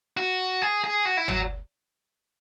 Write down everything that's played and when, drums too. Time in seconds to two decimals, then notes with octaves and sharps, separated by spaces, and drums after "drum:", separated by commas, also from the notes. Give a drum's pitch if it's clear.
0.17 F#4
0.62 G#4
0.84 G#4
1.05 F#4
1.17 E4
1.28 F#3, drum: tom G1